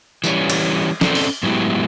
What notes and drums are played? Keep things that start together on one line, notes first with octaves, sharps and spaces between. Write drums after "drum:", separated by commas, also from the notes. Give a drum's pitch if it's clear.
E3 G3 A3 C#4, drum: tambourine
drum: cymbal
C4 C#4 A4 C5 D5, drum: snare
drum: open hi-hat
A2 F#3 G#3 B3 E4 G4